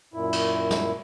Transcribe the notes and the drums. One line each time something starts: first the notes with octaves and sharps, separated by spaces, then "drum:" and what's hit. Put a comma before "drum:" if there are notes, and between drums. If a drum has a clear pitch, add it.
F#2 A#2 E4
drum: cymbal
drum: snare